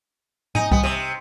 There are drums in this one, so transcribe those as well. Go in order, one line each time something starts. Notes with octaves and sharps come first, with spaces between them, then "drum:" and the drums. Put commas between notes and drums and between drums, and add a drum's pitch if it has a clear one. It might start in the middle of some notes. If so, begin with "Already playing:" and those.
D#4 G#5 D#7, drum: tom G#2
G3 B3, drum: kick C2
C3 D#7